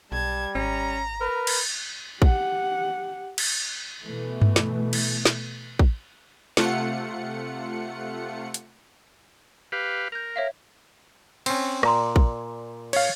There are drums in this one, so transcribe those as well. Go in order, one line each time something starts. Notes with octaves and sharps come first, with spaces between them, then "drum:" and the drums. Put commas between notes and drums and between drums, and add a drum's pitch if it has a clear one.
B1 G3 A5 G#6
G#1 C#4 A#5
A#4 B4
drum: cymbal
G4 F#5, drum: kick
drum: cymbal
B2 E3 A3
drum: tom G2
drum: snare
drum: cymbal
drum: snare
drum: kick
C3 A3 F4 F#5 C#7, drum: snare
drum: hi-hat
G4 B4 F5
A#4 G6 F7
C#5 E5 F5
C4 C#4, drum: cymbal
A#2 D5 A#5 C6, drum: rim click
drum: kick
C#5 F5, drum: cymbal